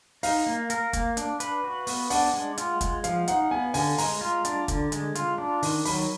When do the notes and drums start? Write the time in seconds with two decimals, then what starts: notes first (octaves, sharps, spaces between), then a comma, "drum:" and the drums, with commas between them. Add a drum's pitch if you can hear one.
0.23 D#4 F5, drum: open hi-hat
0.46 A#3
0.70 A#4, drum: hi-hat
0.93 A#3, drum: kick, hi-hat
1.17 D4, drum: hi-hat
1.40 B4, drum: hi-hat
1.64 F#4
1.87 B3, drum: open hi-hat
2.10 D4 F#5, drum: open hi-hat
2.33 G#3
2.58 F4, drum: hi-hat
2.81 G#3, drum: kick, hi-hat
3.04 F3 F5, drum: hi-hat
3.28 D#4 F#5, drum: hi-hat
3.51 B3 G#5
3.74 D3 G#5, drum: open hi-hat
3.98 G#3 A#5, drum: open hi-hat
4.21 F4
4.45 D4, drum: hi-hat
4.68 D3, drum: kick, hi-hat
4.92 G#3, drum: hi-hat
5.15 F4, drum: hi-hat
5.38 D4
5.63 D#3, drum: open hi-hat
5.85 F#3 B5, drum: open hi-hat